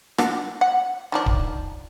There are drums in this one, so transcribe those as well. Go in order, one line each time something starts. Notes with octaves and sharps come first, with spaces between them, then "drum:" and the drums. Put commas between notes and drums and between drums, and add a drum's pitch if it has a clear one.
D4 F#5, drum: rim click
F#5
D#3 F3 D4
drum: kick D1